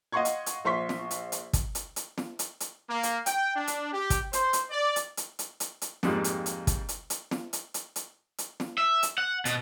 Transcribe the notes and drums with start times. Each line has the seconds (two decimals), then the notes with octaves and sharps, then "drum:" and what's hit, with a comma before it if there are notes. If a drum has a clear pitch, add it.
0.12 D#5 F5 F#5 C6 C#6 G#6
0.25 drum: hi-hat
0.46 drum: hi-hat
0.65 A#1 C5 C6 C#6 B6
0.89 drum: snare
1.11 drum: hi-hat
1.32 drum: hi-hat
1.53 drum: kick, hi-hat
1.75 drum: hi-hat
1.96 drum: hi-hat
2.18 drum: snare
2.39 drum: hi-hat
2.60 drum: hi-hat
2.89 A#3
3.03 drum: hi-hat
3.26 G5, drum: hi-hat
3.55 D4
3.67 drum: hi-hat
3.93 G4
4.10 drum: kick, hi-hat
4.33 C5, drum: hi-hat
4.53 drum: hi-hat
4.71 D5
4.96 drum: hi-hat
5.17 drum: hi-hat
5.39 drum: hi-hat
5.60 drum: hi-hat
5.82 drum: hi-hat
6.03 F2 G#2 G3 A#3, drum: snare
6.24 drum: hi-hat
6.46 drum: hi-hat
6.67 drum: kick, hi-hat
6.89 drum: hi-hat
7.10 drum: hi-hat
7.31 drum: snare
7.53 drum: hi-hat
7.74 drum: hi-hat
7.96 drum: hi-hat
8.38 drum: hi-hat
8.60 drum: snare
8.78 E5
9.03 drum: hi-hat
9.18 F#5
9.45 B2, drum: hi-hat